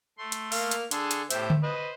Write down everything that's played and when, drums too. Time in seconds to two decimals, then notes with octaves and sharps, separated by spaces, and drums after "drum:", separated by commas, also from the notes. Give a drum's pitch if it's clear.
0.18 A3 C6
0.32 drum: hi-hat
0.52 A#3 F5 F6, drum: open hi-hat
0.71 drum: hi-hat
0.91 D3 G#4 A4 C6, drum: hi-hat
1.11 drum: hi-hat
1.30 A2 G4 C5 E5, drum: hi-hat
1.50 drum: tom D3
1.63 B4 C5 D#5